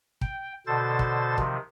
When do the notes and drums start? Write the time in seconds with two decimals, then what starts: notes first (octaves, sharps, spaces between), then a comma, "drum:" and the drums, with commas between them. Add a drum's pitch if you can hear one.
0.21 G5, drum: kick
0.67 B2 D3 A4 C5 A6
0.99 drum: kick
1.38 C3 D#3 F3, drum: kick